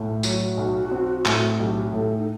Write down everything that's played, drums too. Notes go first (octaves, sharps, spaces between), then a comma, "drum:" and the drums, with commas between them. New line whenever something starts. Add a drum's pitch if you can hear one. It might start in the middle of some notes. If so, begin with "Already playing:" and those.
Already playing: B1 A2
F#3 F#4, drum: tambourine
B1
C4
A2, drum: clap
B1 G4
A2 A4
D#4